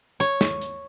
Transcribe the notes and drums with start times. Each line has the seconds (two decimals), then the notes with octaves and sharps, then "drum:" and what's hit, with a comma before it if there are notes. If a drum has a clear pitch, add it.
0.20 C#5, drum: hi-hat
0.41 drum: snare
0.62 drum: hi-hat